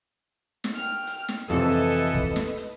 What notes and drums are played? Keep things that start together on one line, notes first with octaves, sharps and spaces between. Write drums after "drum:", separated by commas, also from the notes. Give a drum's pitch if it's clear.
drum: snare
G5 F6
drum: hi-hat
drum: snare
F2 C3 E3 A4 B4 D#5, drum: hi-hat
drum: hi-hat
drum: hi-hat
drum: kick, hi-hat
drum: snare
drum: hi-hat